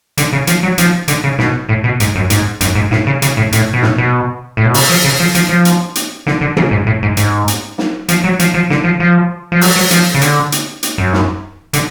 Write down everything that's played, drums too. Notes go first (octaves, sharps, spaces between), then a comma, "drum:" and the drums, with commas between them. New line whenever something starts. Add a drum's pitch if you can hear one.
D3, drum: hi-hat
C#3
F3, drum: hi-hat
F#3
F3, drum: hi-hat
D3, drum: hi-hat
C#3
B2, drum: snare
A2
B2
G#2, drum: hi-hat
F#2
G#2, drum: hi-hat
F#2, drum: hi-hat
G#2
A2, drum: snare
C#3
C#3, drum: hi-hat
A2
A2, drum: hi-hat
B2
A2, drum: snare
B2
A2
B2
C#3, drum: open hi-hat
F3
C#3
F3
F3, drum: hi-hat
F3
drum: hi-hat
drum: hi-hat
D3, drum: snare
D3
C#3, drum: tom
G#2
A2
G#2
G#2, drum: hi-hat
drum: hi-hat
drum: snare
F3, drum: hi-hat
F#3
F3, drum: hi-hat
F3
D3, drum: snare
F3
F3
F3
F#3, drum: open hi-hat
F#3
F3, drum: hi-hat
C#3
D3, drum: hi-hat
drum: hi-hat
drum: hi-hat
F#2
drum: snare
D3, drum: hi-hat